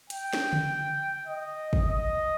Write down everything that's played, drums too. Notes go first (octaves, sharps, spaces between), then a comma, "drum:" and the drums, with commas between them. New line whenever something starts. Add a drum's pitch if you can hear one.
G5, drum: hi-hat
drum: snare
drum: tom C#3
D#5
drum: kick
D#5